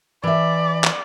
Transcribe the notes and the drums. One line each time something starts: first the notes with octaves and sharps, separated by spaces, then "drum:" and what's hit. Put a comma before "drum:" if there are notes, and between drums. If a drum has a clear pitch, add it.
E3 D5 E5
drum: clap